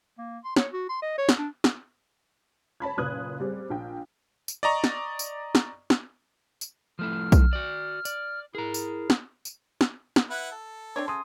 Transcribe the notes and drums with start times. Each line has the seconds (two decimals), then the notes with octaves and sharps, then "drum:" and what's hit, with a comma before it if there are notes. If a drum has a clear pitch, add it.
0.18 A#3
0.44 C6
0.56 C#5, drum: snare
0.73 F#4
0.89 C6
1.02 D#5
1.18 C#5
1.29 drum: snare
1.38 D4
1.64 drum: snare
2.80 C#5 A5 B5 G#6
2.97 F#1 A#2 B4 D#6 F#6 G#6
3.40 G3 C4 G#4
3.70 A#1 G5
4.48 drum: tambourine
4.63 D5 D#5 A#5 C#6
4.84 drum: snare
5.19 drum: tambourine
5.55 drum: snare
5.90 drum: snare
6.61 drum: tambourine
6.99 F3 A3 E4 F6
7.32 drum: kick B1, tambourine
7.53 F#4 D5
8.05 D5, drum: tambourine
8.55 E4 G#4 A#4 A#5
8.74 drum: tambourine
9.10 drum: snare
9.45 drum: tambourine
9.81 drum: snare
10.16 drum: snare
10.30 E4 B4 F#5
10.52 A4
10.96 C4 D4 C#5
11.08 C#3 C6 D#6